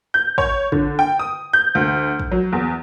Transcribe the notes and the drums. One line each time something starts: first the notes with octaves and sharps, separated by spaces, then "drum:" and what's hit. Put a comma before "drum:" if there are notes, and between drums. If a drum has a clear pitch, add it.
G6
C#5, drum: kick
D3, drum: kick
G5
D#6
G6
D2
drum: kick
F#3
E2